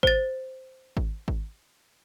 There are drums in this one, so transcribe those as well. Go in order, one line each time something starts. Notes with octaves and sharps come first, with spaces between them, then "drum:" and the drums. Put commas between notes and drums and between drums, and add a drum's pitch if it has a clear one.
C5 A6, drum: kick G#1
drum: kick G#1
drum: kick G#1